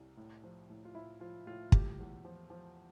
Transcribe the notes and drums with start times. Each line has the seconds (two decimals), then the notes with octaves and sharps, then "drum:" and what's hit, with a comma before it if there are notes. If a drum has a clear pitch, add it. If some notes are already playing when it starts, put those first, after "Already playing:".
Already playing: C2
0.17 A2
0.44 F3
0.70 A2
0.85 F4
0.94 A2 E4
1.20 F3 F4
1.46 A2 F4
1.72 A3 G4, drum: kick
1.99 E2
2.25 F3
2.50 F3